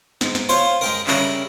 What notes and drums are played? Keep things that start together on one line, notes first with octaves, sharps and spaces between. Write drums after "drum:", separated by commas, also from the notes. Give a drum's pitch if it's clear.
G#2, drum: snare
drum: snare
F4 C5 C#5 C6 C#6
G#3 G4 A#4
C#3 G3 C#4 E4 A#4, drum: clap